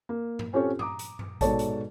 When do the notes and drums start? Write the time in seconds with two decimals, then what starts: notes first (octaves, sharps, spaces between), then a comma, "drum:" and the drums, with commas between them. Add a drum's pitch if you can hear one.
0.09 A#3
0.39 drum: tom G2
0.53 C4 C#4 F4 G4 A4 C#5
0.79 A#5 D6 D#6, drum: tom G2
0.99 drum: hi-hat
1.19 drum: tom F#2
1.41 G#2 B2 A4 C#5 D5 A5, drum: kick G#1, hi-hat
1.59 drum: hi-hat